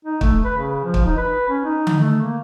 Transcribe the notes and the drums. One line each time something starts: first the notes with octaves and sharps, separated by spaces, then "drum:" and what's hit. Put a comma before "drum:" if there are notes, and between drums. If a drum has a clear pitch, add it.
D#4
A3, drum: kick
B4
C#3
F3
drum: kick
D#4
B4
C#4
D#4
drum: tom D3
A3
A#3